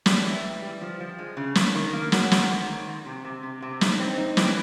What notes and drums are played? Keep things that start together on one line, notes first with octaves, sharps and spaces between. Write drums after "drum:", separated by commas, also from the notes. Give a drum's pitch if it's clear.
G3, drum: snare
E3
G3
G3
F3
F3
G#3
C#3
D#3, drum: snare
D#3
A#3
F#3, drum: snare
D#3, drum: snare
G#2
D#3
G#2
C3
C3
C3
C3
D#4, drum: snare
C4
D#4
E3, drum: snare